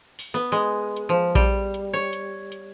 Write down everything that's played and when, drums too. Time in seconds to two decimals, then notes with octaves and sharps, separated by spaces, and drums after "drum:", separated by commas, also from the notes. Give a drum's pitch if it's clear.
0.19 drum: open hi-hat
0.34 B3
0.52 G#3
0.96 drum: hi-hat
1.09 F3
1.35 G3, drum: kick A#1, hi-hat
1.74 drum: hi-hat
1.93 C#5
2.13 drum: hi-hat
2.52 drum: hi-hat